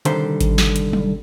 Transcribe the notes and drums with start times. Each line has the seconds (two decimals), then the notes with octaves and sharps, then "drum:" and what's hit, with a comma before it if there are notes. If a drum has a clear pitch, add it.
0.05 C2 D3 D#3 G3 C5, drum: hi-hat
0.41 drum: kick G#1, hi-hat
0.58 drum: snare
0.76 drum: hi-hat
0.93 drum: tom F#3